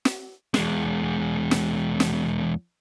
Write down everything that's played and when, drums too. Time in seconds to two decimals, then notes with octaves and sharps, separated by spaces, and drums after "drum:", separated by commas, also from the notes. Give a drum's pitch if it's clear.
0.05 drum: snare
0.54 E2 G#3, drum: snare
1.51 drum: snare
2.00 drum: snare